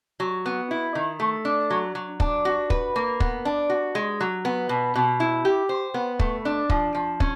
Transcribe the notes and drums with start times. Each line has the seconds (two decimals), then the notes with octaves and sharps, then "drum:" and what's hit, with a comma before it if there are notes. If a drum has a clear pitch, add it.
0.20 F#3
0.46 B3
0.71 E4
0.95 D#3
1.20 A3
1.45 D4
1.70 F#3
1.95 F#3
2.20 D4, drum: kick
2.45 F#4
2.70 B4, drum: kick
2.96 A#3
3.20 B3, drum: kick
3.45 D4
3.70 F#4
3.95 G#3
4.21 F#3
4.45 B3
4.69 B2
4.95 B2
5.20 E4
5.45 G4
5.69 C5
5.94 B3
6.20 A3, drum: kick
6.45 D4
6.70 F3, drum: kick
6.95 F3
7.20 C#4, drum: kick